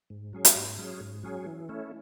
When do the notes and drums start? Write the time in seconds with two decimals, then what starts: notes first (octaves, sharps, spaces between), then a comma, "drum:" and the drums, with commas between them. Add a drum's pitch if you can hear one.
0.10 G#2
0.33 F#3 C#4 G#4
0.45 drum: hi-hat
0.56 G#2
0.78 F#3 C#4 G#4
1.01 G#2
1.23 F#3 C#4 G#4
1.47 E3
1.69 A3 C#4 E4